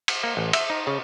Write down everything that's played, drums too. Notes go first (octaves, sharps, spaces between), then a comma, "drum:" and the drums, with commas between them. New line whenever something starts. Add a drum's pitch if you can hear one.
drum: cymbal
A#3
A1
E5, drum: cymbal
D#4
C#3